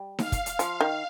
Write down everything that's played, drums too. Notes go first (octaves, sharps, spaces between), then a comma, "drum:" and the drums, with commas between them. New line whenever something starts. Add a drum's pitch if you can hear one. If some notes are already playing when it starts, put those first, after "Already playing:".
Already playing: G3
F5, drum: snare D#4
drum: kick, hi-hat
drum: hi-hat
F3, drum: hi-hat
D#3